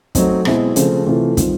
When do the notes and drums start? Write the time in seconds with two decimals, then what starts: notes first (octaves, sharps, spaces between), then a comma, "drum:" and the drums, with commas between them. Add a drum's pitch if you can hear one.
0.15 F#3 A3 C4 D#4, drum: kick, hi-hat
0.45 B2 G#3 C4 E4 G#4, drum: rim click
0.76 C#3 F3 A3 C4, drum: hi-hat
1.07 C3 E3 A3 C4 F4
1.37 D#3 G3 C4 F4, drum: kick, hi-hat